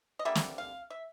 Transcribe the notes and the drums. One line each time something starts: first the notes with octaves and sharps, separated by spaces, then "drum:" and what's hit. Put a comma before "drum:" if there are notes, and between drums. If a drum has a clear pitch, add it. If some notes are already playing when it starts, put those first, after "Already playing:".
D#5
D3 G3 A#3 E5
drum: snare
F5
E5